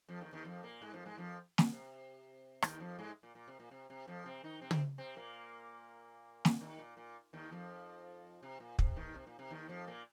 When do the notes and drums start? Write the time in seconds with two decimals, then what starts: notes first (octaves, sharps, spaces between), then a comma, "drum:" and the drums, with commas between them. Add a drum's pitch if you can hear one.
0.09 F2 F3
0.21 D#2 D#3
0.33 D#2 D#3
0.45 F2 F3
0.63 A#2 A#3
0.82 G#2 G#3
0.94 F2 F3
1.06 G#2 G#3
1.18 F2 F3
1.58 drum: snare
1.72 C3
2.62 D#2 D#3, drum: rim click
2.80 F2 F3
2.99 G#2 G#3
3.23 A#2
3.35 A#2
3.47 C3
3.60 A#2
3.71 C3
3.90 C3
4.08 F2 F3
4.26 C3 C4
4.44 D#3 D#4
4.61 C3 C4
4.71 drum: tom
4.98 C3 C4
5.16 A#2 A#3
6.45 drum: snare
6.61 D#2 D#3
6.79 A#2
6.97 A#2
7.33 D#2 D#3
7.51 F2 F3
8.43 C3
8.60 A#2
8.79 C3, drum: kick
8.96 D#2 D#3
9.14 C3
9.27 A#2
9.39 C3
9.51 D#2 D#3
9.69 F2 F3
9.87 A#2 A#3